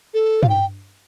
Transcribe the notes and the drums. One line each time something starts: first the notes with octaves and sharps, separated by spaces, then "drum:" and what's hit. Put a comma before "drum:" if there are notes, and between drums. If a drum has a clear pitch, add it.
A4
F5, drum: tom
G5